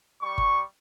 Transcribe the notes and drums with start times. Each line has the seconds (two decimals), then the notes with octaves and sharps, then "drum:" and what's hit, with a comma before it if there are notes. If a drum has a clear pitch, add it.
0.21 G3 C#6
0.38 drum: kick G1